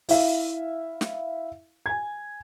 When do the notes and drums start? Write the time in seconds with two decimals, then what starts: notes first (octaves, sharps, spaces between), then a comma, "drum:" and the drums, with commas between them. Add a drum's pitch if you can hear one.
0.09 E4 E5 F5, drum: open hi-hat
1.01 drum: snare
1.86 G#5 G#6